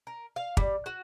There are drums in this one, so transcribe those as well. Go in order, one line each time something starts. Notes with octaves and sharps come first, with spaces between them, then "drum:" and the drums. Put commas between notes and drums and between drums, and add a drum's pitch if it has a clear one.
A#4
F5
G3, drum: kick
F#4